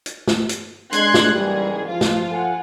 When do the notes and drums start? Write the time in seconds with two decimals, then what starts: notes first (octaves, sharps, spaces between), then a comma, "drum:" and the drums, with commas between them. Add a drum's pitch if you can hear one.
0.06 drum: hi-hat
0.27 drum: snare
0.49 drum: hi-hat
0.93 G#3 D4 C6 F#6 G#6, drum: hi-hat
1.14 drum: snare
1.32 F#1 G#2 E3 G3 G#4
1.88 F3 F4
2.01 drum: snare
2.31 A4 F#5 G#5